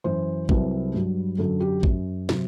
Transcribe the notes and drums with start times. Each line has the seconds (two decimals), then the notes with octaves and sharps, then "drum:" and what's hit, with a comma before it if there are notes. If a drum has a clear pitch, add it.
0.04 F#2 E3 C5
0.49 C2 C3 F#3 B4, drum: kick A1
0.94 G2 F#3
1.38 F#2 D3 F#3 A4
1.60 G4
1.83 F#2 F#3, drum: kick A1
2.29 C3 F#3, drum: snare